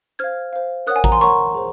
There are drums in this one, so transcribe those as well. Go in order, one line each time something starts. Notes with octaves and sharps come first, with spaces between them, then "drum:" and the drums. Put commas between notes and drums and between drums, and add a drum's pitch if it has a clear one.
C5 F5 F6 G#6
C5 F5
A#4 C#5 F#5 D#6 F#6
G#5
A#5, drum: kick A1
G#5 C6
A#4 C#5 F#5 A#5 C#6
G#4 C5